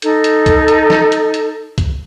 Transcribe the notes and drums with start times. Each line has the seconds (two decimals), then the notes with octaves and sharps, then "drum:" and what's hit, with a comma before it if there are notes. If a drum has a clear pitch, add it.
0.02 D#4 A4, drum: hi-hat
0.24 drum: hi-hat
0.46 drum: kick C2, hi-hat
0.68 drum: hi-hat
0.90 drum: snare
1.12 drum: hi-hat
1.34 drum: hi-hat
1.78 drum: kick C2, hi-hat